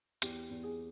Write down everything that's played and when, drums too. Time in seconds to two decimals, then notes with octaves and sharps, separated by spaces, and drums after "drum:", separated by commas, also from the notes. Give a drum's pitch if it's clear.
0.22 E2 G4, drum: hi-hat
0.49 E2
0.63 G#4